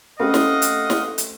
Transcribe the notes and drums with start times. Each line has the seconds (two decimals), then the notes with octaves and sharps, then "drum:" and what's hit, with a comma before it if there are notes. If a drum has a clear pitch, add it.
0.20 A3 C4 C#4 G4 D#5 F5 F#5
0.34 drum: snare
0.62 drum: hi-hat
0.90 drum: snare
1.18 drum: hi-hat